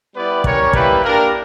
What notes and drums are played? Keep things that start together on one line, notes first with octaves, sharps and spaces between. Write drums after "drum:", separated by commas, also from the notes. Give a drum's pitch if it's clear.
G3 B3 E4 G4 B4 D5
G3 C#4 G4 A#4 C#5, drum: kick
G3 A#3 E4 G4 B4, drum: kick
A#3 D4 G4 A#4